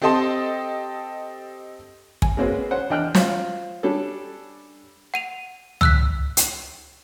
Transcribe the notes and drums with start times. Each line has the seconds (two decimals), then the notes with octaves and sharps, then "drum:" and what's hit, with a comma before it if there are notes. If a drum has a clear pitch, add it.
0.02 C4 G4 A4 D#5 A5 C6
2.22 G#5, drum: kick
2.37 G#3 A#3 C4 C#4 F#4 B4
2.71 C#4 C5 F#5
2.90 E2 D4 D#5 G5 F6 F#6
3.15 F4 F#4 C5 C#5, drum: snare
3.83 G3 C#4 D4 G4 A4
5.14 F#5 D#7 F7
5.81 E6 F#6 B6, drum: tom C#2
6.37 drum: hi-hat